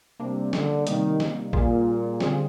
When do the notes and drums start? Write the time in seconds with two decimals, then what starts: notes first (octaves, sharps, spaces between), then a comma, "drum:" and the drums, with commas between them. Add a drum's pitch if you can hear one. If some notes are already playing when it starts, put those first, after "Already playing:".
0.20 C3 G3 A#3 D4
0.53 D3, drum: snare
0.87 C3 D#3 G3 A#3 D#4, drum: hi-hat
1.20 drum: snare
1.53 A#2 G3 A#3 F4 G#4, drum: kick A1
2.20 D3 G3 C4 F4 G#4, drum: snare